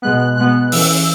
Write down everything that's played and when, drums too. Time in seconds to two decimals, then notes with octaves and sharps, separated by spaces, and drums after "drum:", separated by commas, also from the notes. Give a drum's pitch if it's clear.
0.02 B2 G#3 B3 F#6
0.20 F#6
0.37 B2 G#3 B3 F#6
0.72 E3 C#4 E6, drum: open hi-hat